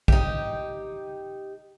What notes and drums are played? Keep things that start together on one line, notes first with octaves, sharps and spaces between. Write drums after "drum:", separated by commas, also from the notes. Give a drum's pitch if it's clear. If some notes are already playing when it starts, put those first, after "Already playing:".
D#4 G4, drum: kick